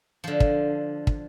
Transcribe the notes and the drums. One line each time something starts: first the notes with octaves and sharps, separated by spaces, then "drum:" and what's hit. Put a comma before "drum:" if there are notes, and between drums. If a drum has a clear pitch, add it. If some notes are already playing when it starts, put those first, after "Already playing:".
D3 F3
drum: kick
drum: kick